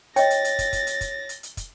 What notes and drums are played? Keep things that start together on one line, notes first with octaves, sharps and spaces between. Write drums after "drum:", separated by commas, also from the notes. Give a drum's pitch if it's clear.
C#5 D#5 G5 A6 A#6, drum: hi-hat
drum: hi-hat
drum: hi-hat
drum: kick, hi-hat
drum: kick, hi-hat
drum: hi-hat
drum: kick, hi-hat
drum: hi-hat
drum: hi-hat
drum: kick, hi-hat